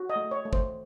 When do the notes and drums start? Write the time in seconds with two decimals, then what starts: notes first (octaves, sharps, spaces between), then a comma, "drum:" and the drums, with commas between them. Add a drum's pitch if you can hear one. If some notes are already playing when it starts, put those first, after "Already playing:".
Already playing: F#4
0.10 D#5
0.16 A3
0.31 C#5
0.45 A3
0.53 C5, drum: kick